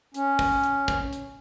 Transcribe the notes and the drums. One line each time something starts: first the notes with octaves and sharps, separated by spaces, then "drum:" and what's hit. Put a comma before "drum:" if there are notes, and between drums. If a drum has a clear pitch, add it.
C#4, drum: hi-hat
drum: kick, open hi-hat
drum: hi-hat
drum: kick, hi-hat
drum: hi-hat